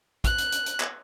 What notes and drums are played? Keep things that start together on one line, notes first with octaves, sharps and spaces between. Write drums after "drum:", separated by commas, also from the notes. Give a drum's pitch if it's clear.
F#6, drum: kick, hi-hat
drum: hi-hat
drum: hi-hat
drum: hi-hat
drum: clap